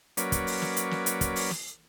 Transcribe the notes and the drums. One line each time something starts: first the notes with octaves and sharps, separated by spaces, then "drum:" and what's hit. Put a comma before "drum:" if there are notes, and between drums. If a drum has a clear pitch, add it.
F#3 A#3 C#4 B4 D5, drum: hi-hat
drum: kick, hi-hat
drum: open hi-hat
drum: snare
drum: hi-hat
drum: snare
drum: hi-hat
drum: kick, hi-hat
drum: open hi-hat
drum: snare